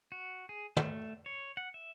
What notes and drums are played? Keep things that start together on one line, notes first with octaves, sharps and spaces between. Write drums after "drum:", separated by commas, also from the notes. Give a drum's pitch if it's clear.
F#4
G#4
A3, drum: tom
C#5
F#5
E5